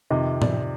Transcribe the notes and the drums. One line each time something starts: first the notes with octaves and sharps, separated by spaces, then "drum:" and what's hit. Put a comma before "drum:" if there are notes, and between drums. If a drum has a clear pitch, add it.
F2 C3 D#3 D#5
D5, drum: tom